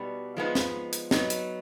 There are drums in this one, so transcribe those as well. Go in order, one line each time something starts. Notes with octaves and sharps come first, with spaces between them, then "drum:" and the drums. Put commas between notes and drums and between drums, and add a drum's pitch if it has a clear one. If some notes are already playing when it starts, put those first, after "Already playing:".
Already playing: B2 G3 B3 D#4
F3 G#3 B3 D#4
drum: snare
drum: hi-hat
F#3 B3 D#4, drum: snare
drum: hi-hat